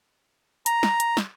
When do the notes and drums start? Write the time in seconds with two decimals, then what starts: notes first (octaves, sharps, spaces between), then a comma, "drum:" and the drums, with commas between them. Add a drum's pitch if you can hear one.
0.66 A#5, drum: hi-hat
0.83 drum: snare
1.00 drum: hi-hat
1.17 drum: snare